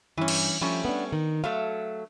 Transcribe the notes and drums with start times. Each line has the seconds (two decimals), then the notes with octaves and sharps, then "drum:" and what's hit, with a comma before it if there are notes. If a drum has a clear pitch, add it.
0.17 G2 E3 C#4
0.28 drum: cymbal
0.61 F3 G3 A3 C#4
0.85 B3 D4
1.12 D#3
1.44 F#3 A3 F5